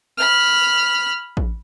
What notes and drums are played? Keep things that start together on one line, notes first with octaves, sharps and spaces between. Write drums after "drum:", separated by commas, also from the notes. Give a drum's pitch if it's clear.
B5 F6
drum: kick A1